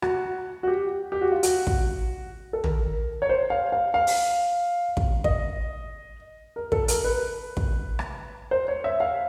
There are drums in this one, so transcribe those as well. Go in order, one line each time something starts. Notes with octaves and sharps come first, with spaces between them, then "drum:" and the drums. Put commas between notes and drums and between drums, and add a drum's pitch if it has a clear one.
F#4, drum: rim click
F#4
G4
G4
F#4
F4
F#4, drum: hi-hat
drum: kick
A4
A#4, drum: tom
C#5
C5
F5
F5
F5
drum: open hi-hat
drum: kick
D#5, drum: kick
A#4
A4, drum: kick
A#4, drum: hi-hat
B4
drum: kick
drum: rim click
C5
C#5
E5
F5